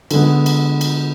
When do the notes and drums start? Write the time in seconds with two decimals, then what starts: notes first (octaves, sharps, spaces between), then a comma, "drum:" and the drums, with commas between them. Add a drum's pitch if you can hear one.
0.11 D3 G#3 B3, drum: cymbal
0.46 drum: cymbal
0.81 drum: cymbal